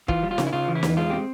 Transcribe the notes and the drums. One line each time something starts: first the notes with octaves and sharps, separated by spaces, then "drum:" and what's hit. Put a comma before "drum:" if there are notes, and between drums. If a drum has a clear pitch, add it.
E3 F4, drum: kick
G3
F4
C#3, drum: snare
E4
C#3 F4
E3
E4
E2, drum: snare
G#3 F4
C4 G4